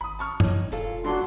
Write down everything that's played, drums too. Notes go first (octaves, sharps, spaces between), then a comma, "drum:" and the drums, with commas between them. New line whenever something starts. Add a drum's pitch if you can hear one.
G#1 B5 D#6
A5 C#6 F6
G1 D#4 C#5, drum: tom
E1 A#2 F4 A4
G2 F#3 D4 F#4 C6